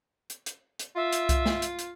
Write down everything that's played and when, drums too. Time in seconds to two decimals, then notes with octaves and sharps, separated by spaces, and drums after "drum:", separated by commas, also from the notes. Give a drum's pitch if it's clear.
0.30 drum: hi-hat
0.46 drum: hi-hat
0.79 drum: hi-hat
0.96 F4 E5
1.13 drum: hi-hat
1.29 drum: kick C2, hi-hat
1.46 drum: snare
1.62 drum: hi-hat
1.79 drum: hi-hat